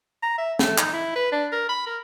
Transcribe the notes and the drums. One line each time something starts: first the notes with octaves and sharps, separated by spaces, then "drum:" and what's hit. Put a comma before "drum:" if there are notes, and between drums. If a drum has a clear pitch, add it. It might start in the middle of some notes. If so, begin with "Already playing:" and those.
A#5
E5
A3, drum: snare
D#4, drum: clap
E4
B4
D4
A#4
B5
A#4